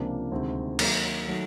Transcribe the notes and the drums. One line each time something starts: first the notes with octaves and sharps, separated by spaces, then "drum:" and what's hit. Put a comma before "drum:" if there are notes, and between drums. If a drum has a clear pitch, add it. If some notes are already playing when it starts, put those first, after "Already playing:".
Already playing: C#2 C3 F3 A#3 D4
D2 C3 D#3 G#3 C4
D#3 F#3 A#3 D#4, drum: cymbal
D#3 F#3 A3